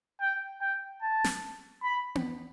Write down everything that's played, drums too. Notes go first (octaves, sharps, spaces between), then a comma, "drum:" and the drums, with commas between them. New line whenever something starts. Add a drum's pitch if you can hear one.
G5
G5
A5
drum: snare
B5
drum: tom B3